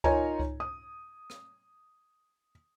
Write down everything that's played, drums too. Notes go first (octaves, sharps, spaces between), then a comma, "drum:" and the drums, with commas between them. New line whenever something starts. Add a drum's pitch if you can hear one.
D#4 F4 A#4 C#5 G#5 A#5, drum: kick C#2
drum: kick C#2
D#6
drum: rim click